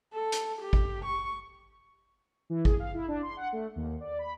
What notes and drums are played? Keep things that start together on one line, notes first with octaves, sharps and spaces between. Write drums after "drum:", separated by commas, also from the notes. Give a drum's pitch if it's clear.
A4
drum: hi-hat
G4
drum: kick G#1
C#6
E3
G#4, drum: kick G#1
F5
E4
D4
C6
F#5
A3
D#2
D5
B5